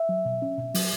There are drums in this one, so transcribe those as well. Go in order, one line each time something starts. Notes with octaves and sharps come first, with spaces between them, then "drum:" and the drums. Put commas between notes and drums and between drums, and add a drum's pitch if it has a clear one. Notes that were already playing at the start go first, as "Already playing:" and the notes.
Already playing: E5
F#3
B2
C#4
B2
F#3, drum: open hi-hat